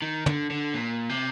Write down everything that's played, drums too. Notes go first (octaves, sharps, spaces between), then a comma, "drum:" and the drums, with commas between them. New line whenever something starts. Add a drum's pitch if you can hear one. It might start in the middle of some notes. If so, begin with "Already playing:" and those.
D#3
D3, drum: tom
D3
A#2
C3